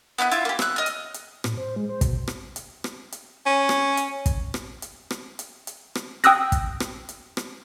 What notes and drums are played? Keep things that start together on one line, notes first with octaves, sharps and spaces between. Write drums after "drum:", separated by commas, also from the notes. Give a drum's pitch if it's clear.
B3 E4 F#5 F#6
E4 F4 E5, drum: hi-hat
A#3 G4
E6 F#6, drum: rim click
D#5 F6
drum: hi-hat
drum: hi-hat
A2, drum: rim click
C5
G#3
C5
B2, drum: kick, hi-hat
drum: rim click
drum: hi-hat
drum: rim click
drum: hi-hat
C#4
drum: rim click
drum: hi-hat
drum: kick, hi-hat
drum: rim click
drum: hi-hat
drum: rim click
drum: hi-hat
drum: hi-hat
drum: rim click
G5 D#6 E6 F#6 A#6, drum: hi-hat
drum: kick, hi-hat
drum: rim click
drum: hi-hat
drum: rim click